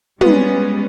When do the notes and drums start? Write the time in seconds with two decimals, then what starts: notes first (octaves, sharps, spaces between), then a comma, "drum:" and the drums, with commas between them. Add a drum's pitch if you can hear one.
0.21 G3 G#3 B3 C#4, drum: tom